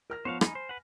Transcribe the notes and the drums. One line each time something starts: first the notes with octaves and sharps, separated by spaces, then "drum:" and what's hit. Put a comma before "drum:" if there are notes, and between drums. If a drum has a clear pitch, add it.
A#4 F6 A#6
F3 B3 C5 C#5 F5
D#4 G#5 B5, drum: rim click
C5
B4 F#5